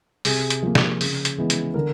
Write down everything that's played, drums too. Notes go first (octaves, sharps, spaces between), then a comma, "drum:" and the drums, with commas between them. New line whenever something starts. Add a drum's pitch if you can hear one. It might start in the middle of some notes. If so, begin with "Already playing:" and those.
C3 G#4, drum: open hi-hat
drum: hi-hat
F3 A#3
drum: snare
C#3, drum: open hi-hat
drum: hi-hat
E3 G#3 B3
drum: hi-hat
D3 A#4